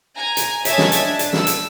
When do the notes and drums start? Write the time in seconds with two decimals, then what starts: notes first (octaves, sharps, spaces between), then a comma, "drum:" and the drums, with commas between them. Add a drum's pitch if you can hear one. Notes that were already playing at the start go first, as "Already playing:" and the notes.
0.17 G#5 A#5
0.37 drum: hi-hat
0.65 C#5 D#5 E5 G#5 A5 G#6, drum: hi-hat
0.78 drum: snare
0.92 drum: hi-hat
1.04 D4 A5
1.19 drum: hi-hat
1.33 E6, drum: snare
1.47 drum: hi-hat